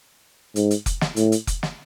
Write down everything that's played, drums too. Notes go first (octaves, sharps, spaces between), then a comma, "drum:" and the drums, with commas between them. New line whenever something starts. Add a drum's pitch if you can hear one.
G#2, drum: hi-hat
drum: hi-hat
drum: kick F1, hi-hat
drum: snare
A2, drum: hi-hat
drum: hi-hat
drum: kick F1, hi-hat
drum: snare